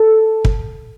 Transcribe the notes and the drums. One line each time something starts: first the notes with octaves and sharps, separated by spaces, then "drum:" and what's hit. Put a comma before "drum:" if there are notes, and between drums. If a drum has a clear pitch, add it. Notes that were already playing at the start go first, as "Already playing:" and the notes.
Already playing: A4
drum: kick